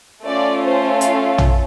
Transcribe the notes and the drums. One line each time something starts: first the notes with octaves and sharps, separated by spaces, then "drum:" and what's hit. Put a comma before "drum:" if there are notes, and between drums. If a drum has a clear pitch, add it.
A3 C#4 F4 A4 D5
C5
F5, drum: hi-hat
drum: tom